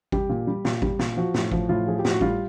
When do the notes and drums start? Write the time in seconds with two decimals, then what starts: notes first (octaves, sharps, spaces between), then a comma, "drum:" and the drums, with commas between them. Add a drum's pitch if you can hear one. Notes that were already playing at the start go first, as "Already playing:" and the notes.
0.12 G3 G4, drum: kick G#1
0.29 A#2
0.47 G3
0.65 A#2, drum: snare
0.82 G3, drum: kick G#1
0.99 A#2, drum: snare
1.16 F3 F#4
1.34 A2, drum: snare
1.52 F3, drum: kick G#1
1.69 A2 F4
1.87 F3 G#4
1.98 G4
2.05 A2, drum: snare
2.11 F#4
2.21 G3 F4, drum: kick G#1